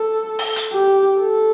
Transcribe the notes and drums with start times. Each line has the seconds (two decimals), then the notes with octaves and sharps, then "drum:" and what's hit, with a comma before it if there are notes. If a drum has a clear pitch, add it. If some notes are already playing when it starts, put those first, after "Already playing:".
Already playing: A4
0.39 drum: open hi-hat
0.56 drum: hi-hat
0.73 G4
1.20 A4